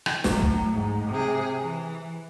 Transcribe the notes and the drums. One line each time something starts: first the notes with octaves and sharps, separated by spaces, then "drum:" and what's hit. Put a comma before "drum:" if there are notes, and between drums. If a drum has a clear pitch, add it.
drum: rim click
A2 F#3, drum: snare
drum: kick
G#2
C3 G#4
E3